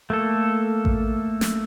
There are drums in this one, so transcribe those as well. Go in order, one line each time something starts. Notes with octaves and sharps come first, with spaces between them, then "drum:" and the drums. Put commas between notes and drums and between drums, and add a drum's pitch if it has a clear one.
A3 A#3 A4
drum: kick A1
drum: snare